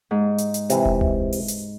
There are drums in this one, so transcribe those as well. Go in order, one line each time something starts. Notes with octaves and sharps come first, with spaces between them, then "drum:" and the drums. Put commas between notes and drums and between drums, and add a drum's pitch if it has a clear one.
G#2
drum: hi-hat
drum: hi-hat
C3 E3, drum: hi-hat
drum: kick E1
drum: tom C#2
drum: open hi-hat
drum: hi-hat